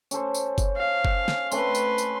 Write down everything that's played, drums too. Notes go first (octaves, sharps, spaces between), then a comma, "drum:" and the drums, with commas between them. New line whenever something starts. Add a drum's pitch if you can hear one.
C#4 A4 C5, drum: tambourine
drum: tambourine
drum: kick F#1, tambourine
F5
drum: kick F#1
drum: snare
A3 C4 C#4 B4 C6, drum: tambourine
drum: tambourine
drum: tambourine